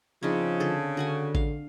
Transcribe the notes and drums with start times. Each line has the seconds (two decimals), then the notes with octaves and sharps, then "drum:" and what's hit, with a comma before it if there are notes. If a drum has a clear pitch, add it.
0.23 C#3 F3 C4 D4 D#4
0.60 D3 G#4 A4
0.97 D3 F#4 F#5 G#5
1.35 F5, drum: kick A1